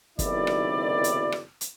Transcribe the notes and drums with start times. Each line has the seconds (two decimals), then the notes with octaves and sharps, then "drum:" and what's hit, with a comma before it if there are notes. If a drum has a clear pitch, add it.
0.19 F#1 B1 C3 D#3 E4 D5, drum: kick, hi-hat
0.47 drum: rim click
1.04 drum: hi-hat
1.32 drum: rim click
1.61 drum: hi-hat